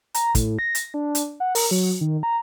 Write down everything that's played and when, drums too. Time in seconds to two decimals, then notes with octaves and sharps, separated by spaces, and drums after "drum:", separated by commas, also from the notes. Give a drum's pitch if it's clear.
0.14 A#5, drum: hi-hat
0.35 A2, drum: kick, hi-hat
0.59 A#6
0.75 drum: hi-hat
0.94 D4
1.15 drum: hi-hat
1.40 F#5
1.55 A#4, drum: open hi-hat
1.71 F#3
2.01 D#3
2.23 A#5